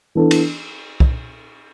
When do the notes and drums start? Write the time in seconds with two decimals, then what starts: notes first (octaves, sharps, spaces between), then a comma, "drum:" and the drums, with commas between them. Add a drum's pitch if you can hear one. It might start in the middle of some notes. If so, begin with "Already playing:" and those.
0.15 E3 B3 D4 A4
0.31 drum: cymbal
1.00 drum: kick